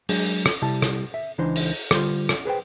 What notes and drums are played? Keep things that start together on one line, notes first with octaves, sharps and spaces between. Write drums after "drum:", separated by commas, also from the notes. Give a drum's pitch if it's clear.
F#3 G#3 D4 G#4, drum: open hi-hat
drum: rim click
C3 G3 E4 A5
drum: rim click
E5
C#2 E3 D4 D#4 C5
drum: open hi-hat
D3 G3 F4 C5 C6, drum: rim click
drum: rim click
G#4 B4 C5 G5